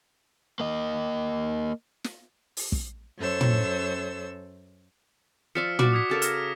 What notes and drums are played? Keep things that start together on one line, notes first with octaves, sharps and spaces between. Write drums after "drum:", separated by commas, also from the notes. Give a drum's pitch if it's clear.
A#3 D#5
drum: snare
drum: open hi-hat
drum: kick
F#2 A4 C5 C#5 E6
drum: tom
F3 D5 E5 F6 B6 C#7
F#4 D5 C#6 D6 F6, drum: tom
D#6 G#6 B6
C#3 A4 A#4
F6 A#6, drum: hi-hat